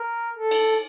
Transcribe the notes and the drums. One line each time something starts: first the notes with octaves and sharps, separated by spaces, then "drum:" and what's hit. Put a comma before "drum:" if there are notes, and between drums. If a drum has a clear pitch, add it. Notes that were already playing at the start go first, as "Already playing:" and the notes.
Already playing: A#4
A4
drum: cymbal